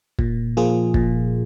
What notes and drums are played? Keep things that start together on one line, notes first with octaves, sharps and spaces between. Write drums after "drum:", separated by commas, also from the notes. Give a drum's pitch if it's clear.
A#2, drum: kick
F3 A#3 F4 G#4
A#2, drum: kick